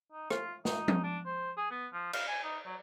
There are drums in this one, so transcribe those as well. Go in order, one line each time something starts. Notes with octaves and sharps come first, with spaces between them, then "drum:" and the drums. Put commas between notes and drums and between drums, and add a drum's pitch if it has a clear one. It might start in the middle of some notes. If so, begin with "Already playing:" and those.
D#4
F4, drum: rim click
D#4, drum: snare
drum: tom F3
D4
C5
G#4
B3
F3
F5, drum: cymbal
G#5
D#4
F#3